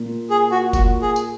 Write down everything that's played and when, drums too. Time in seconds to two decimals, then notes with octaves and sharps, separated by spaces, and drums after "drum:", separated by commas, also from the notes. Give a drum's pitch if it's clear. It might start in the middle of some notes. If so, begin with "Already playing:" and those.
Already playing: A#2
0.30 G#4
0.51 F#4
0.73 F#4, drum: kick F#1, tambourine
1.02 G#4
1.16 drum: tambourine